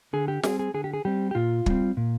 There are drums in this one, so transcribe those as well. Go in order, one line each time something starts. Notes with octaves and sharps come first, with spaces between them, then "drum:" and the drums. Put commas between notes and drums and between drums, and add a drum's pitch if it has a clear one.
D3 G#4
G4
G3 C4 G#4, drum: snare
G#4
D3 G#4
G4
G#4
G3 C4 G4
G4
A#2 F4
G3 C4, drum: kick
A#2